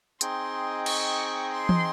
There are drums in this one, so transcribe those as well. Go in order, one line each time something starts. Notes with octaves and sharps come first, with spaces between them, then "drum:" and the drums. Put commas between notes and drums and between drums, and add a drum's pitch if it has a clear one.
C4 D#4 G#4 D#5 G5 C6, drum: hi-hat
C#6, drum: cymbal
C6
drum: tom E3